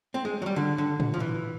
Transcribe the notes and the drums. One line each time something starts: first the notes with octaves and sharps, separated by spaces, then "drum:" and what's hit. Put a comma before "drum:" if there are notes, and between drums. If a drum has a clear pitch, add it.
C4
G#3
F#3
G3
D3
D3
drum: tom A2
F3
E3